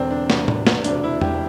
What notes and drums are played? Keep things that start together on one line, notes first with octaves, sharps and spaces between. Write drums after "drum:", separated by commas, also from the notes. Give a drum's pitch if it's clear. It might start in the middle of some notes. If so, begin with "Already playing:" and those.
Already playing: E1 E2 D3 C4 D4
D4
E1 E2 C3 G3, drum: snare
drum: tom A2
drum: snare
E1 D2 C3 D4, drum: hi-hat
E4
G4, drum: tom E2